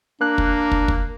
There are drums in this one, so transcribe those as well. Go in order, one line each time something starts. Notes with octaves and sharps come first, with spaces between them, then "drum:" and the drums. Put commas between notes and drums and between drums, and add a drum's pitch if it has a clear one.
A#3 D4 F#6
drum: kick
drum: kick
drum: kick